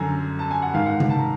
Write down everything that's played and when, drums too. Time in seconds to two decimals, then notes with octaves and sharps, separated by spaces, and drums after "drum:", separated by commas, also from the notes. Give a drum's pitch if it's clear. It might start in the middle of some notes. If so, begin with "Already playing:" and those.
Already playing: F#2 D3 G#5 A#5
0.39 A5
0.51 G#5
0.62 F#5
0.74 G#2 D#3 F5
0.86 F#5
1.00 drum: tom C3
1.10 A5
1.19 A#5